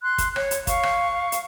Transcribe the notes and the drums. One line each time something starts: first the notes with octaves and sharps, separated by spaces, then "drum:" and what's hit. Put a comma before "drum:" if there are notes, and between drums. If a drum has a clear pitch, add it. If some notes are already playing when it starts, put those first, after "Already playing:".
C6 F#6
drum: kick, hi-hat
C#5, drum: rim click
drum: hi-hat
F5 C#6, drum: kick, hi-hat
drum: rim click
drum: hi-hat